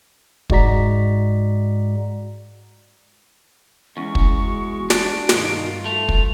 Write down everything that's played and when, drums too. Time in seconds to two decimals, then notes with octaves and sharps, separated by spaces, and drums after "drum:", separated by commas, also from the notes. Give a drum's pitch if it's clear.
0.50 G#2 G#3 F#4 D5 A#5 B6, drum: kick
3.97 E2 G#3 C#4 C#6
4.15 drum: kick
4.44 F#4
4.90 D4 D7, drum: snare
5.29 G2 B2 D#3 F4, drum: snare
5.86 A3 F7
6.09 drum: kick